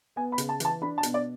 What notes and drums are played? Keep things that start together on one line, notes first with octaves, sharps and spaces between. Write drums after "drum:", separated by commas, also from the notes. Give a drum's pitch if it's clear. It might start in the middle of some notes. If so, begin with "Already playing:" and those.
B3 G#5
B5
C#3, drum: hi-hat
A5
E3 A5, drum: hi-hat
D4 B5
A5
B2, drum: hi-hat
D5